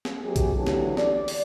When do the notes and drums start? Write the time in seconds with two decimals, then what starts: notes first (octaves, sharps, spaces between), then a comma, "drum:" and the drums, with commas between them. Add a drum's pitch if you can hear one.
0.05 drum: snare
0.23 F#2 B3 G4 G#4
0.36 drum: kick A#1, hi-hat
0.56 D3 E3 F#3 A3 G4 A4
0.66 drum: snare
0.97 D5, drum: snare
1.28 drum: open hi-hat